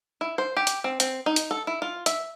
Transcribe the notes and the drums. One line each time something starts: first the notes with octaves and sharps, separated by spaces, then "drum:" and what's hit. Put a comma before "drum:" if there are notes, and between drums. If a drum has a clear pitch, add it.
E4
C5
G4
drum: hi-hat
C4
C4, drum: hi-hat
D#4
drum: hi-hat
A4
E4
F4
E5, drum: hi-hat